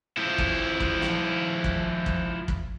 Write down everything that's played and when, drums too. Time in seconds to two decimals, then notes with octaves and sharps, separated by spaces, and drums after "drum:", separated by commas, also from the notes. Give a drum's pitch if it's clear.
0.17 F3 E4
0.38 drum: kick
0.80 drum: kick
1.01 drum: snare
1.64 drum: kick
2.06 drum: kick
2.48 drum: kick